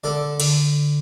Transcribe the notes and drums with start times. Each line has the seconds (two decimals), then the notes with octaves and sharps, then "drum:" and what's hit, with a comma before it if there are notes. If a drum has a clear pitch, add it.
0.04 D3 A4 D5
0.40 D3, drum: cymbal